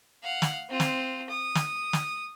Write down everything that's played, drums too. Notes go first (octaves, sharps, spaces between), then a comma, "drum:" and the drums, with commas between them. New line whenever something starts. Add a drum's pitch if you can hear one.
F5 F#5
drum: snare
C4 F4
drum: snare
D#6
drum: snare
drum: snare